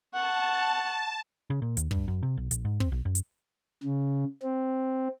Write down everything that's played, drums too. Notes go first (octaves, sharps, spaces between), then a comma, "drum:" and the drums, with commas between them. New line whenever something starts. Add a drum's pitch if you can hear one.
F#5 A5 C#6
C#3
A#2
D#2, drum: hi-hat
G2, drum: kick
F#2
C3
B1
A#1, drum: hi-hat
G#2
C4, drum: kick
B1
F#2
drum: hi-hat
C#3
C4